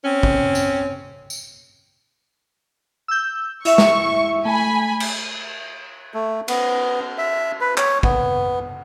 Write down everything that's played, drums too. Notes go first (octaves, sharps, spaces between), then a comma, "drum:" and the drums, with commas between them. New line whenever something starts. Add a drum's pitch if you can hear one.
C4 C#4
drum: kick
drum: tambourine
drum: tambourine
E6 G6
E4 E5 C#6, drum: hi-hat
drum: snare
A3 G#5 B5
drum: cymbal
A3
B3, drum: cymbal
E5
B4
C#5, drum: clap
B3, drum: kick